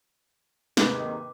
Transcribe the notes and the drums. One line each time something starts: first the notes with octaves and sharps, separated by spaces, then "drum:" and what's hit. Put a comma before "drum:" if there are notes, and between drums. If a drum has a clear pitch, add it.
D#2 G#2 C3 D#3 B4 D6, drum: snare